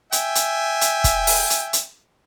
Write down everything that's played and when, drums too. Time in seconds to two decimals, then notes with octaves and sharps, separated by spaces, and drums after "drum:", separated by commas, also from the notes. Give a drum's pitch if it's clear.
0.12 E5 G5 G#5, drum: hi-hat
0.35 drum: hi-hat
0.81 drum: hi-hat
1.04 drum: kick, hi-hat
1.27 drum: open hi-hat
1.50 drum: hi-hat
1.73 drum: hi-hat